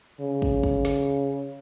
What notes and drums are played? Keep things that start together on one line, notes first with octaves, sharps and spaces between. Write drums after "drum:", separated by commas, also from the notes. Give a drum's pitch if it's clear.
C#3
drum: kick
drum: kick
drum: snare